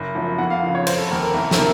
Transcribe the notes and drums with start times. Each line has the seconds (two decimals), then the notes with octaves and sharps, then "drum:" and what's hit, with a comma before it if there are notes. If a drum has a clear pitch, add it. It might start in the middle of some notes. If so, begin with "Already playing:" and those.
Already playing: F#1
0.15 F#2 F3
0.38 F2 F#5
0.50 F5
0.63 C#3 F3
0.75 C#5
0.87 F1 C5, drum: cymbal
0.98 A4
1.11 D#2 D#3 A#3 A#4
1.23 A#4
1.34 C2 A#4
1.51 A4, drum: snare
1.58 C3 A#4